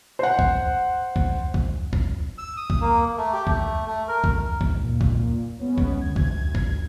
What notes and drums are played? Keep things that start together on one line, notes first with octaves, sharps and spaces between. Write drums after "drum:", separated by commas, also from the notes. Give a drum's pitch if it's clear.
C5 F#5
drum: kick
drum: kick
drum: kick
drum: kick
E6
D#6
drum: kick
A#3
A3
G4
A3, drum: kick
A3
A#4
drum: kick
D#2 G#2, drum: kick
A#2
drum: kick
G#3 B3 C#4
drum: kick
D2 G#6
drum: kick
drum: kick